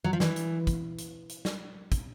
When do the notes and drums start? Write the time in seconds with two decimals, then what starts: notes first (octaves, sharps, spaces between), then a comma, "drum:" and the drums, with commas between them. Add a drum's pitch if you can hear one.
0.04 F#3
0.13 F3
0.20 E3, drum: snare
0.36 drum: hi-hat
0.67 drum: kick, hi-hat
0.98 drum: hi-hat
1.29 drum: hi-hat
1.45 drum: snare
1.92 drum: kick, hi-hat